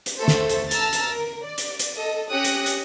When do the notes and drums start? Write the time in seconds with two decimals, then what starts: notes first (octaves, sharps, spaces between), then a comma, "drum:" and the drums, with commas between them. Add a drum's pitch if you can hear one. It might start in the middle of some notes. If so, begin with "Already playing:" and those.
0.06 drum: hi-hat
0.17 A3 A4 C5
0.28 drum: snare
0.49 drum: hi-hat
0.71 A5 A#5 E6 F6 A6, drum: hi-hat
0.93 drum: hi-hat
1.11 A#4
1.44 D5
1.58 drum: hi-hat
1.79 drum: hi-hat
1.98 A4 D#5
2.31 C#4 G4 D#6 F#6 A#6 C#7
2.44 drum: hi-hat
2.66 drum: hi-hat